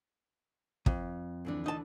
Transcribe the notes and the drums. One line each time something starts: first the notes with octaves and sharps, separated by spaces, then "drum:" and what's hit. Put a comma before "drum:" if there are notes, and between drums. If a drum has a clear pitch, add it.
F2, drum: kick
D2 E3 D4
D#4 A5